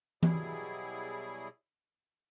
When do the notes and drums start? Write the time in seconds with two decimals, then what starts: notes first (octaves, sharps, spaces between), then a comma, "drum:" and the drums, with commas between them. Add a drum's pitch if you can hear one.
0.23 B2 F#3 G3 E4 G#4, drum: tom E3